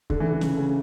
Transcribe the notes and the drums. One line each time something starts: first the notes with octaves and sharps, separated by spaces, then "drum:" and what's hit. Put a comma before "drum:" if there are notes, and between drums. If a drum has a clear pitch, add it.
D3, drum: kick
D3 E3
D3
C#3, drum: snare
C#3